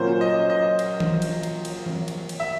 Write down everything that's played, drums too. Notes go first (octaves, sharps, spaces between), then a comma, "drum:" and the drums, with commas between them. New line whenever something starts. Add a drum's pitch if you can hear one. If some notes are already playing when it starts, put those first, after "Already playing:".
Already playing: A#2 F#3 A#3 C#4 F4 C5
D#5
D#5
drum: cymbal
drum: tom E3
drum: cymbal
drum: cymbal
drum: cymbal
drum: tom E3
drum: cymbal
drum: cymbal
E5